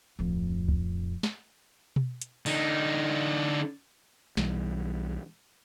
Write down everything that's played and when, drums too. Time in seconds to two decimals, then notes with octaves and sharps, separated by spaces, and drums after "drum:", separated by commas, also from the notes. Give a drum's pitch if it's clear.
0.19 D1 F2
0.68 drum: kick
1.23 drum: snare
1.96 drum: tom B2
2.22 drum: hi-hat
2.46 D3 D#4, drum: open hi-hat
4.37 B1 E3 G3, drum: snare